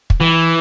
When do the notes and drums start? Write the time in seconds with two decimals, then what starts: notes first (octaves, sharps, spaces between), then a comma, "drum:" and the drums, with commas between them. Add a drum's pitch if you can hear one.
0.10 drum: kick
0.21 E3